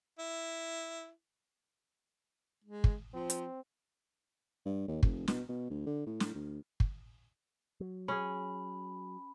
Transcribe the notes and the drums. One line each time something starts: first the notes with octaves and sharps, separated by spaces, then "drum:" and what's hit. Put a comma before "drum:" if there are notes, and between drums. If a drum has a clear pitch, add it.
E4
G#3
drum: kick
F3 C4
drum: hi-hat
G2
D#2
F1, drum: kick
B2, drum: snare
B2
D2
D3
A2
drum: snare
D2
drum: kick
F#3
C#4 G#4 B5